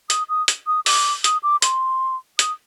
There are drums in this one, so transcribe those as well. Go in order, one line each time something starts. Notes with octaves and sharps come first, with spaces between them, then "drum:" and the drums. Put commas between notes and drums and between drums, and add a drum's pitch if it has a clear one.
D#6, drum: hi-hat
D#6
drum: hi-hat
D#6
D6, drum: open hi-hat
D#6, drum: hi-hat
D6
C6, drum: hi-hat
D#6, drum: hi-hat